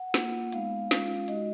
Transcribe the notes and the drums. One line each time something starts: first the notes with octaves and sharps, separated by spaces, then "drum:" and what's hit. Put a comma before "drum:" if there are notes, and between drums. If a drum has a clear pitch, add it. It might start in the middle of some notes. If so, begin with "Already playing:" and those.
Already playing: F#5
A#3 F4, drum: snare
G#3 B3 D#4 F5, drum: hi-hat
G#3 C#4 F4, drum: snare
G#3 D#4 F#4 D#5, drum: hi-hat